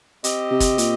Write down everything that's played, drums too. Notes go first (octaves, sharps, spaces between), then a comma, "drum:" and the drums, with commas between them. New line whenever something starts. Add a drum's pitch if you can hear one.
C4 G4 D#5, drum: hi-hat
C3
drum: kick, hi-hat
A#2, drum: hi-hat